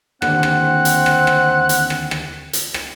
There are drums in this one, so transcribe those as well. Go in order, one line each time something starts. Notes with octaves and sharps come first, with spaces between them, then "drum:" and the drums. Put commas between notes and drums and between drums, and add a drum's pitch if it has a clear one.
D#2 D3 E3 C4 F#5, drum: rim click
drum: rim click
drum: hi-hat
drum: rim click
drum: rim click
drum: hi-hat
drum: rim click
drum: rim click
drum: hi-hat
drum: rim click